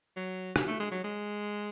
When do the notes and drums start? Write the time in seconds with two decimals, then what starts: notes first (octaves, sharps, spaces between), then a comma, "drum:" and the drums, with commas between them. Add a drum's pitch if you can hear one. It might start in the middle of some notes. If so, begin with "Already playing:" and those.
0.16 F#3
0.56 drum: rim click
0.67 A3
0.80 G#3
0.91 F#3
1.04 G#3